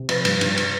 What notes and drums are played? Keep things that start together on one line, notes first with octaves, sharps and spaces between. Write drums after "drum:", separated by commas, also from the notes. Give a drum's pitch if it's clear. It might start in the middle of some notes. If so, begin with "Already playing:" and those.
Already playing: C3
F3 B4, drum: cymbal
G2, drum: cymbal
G2, drum: cymbal
drum: cymbal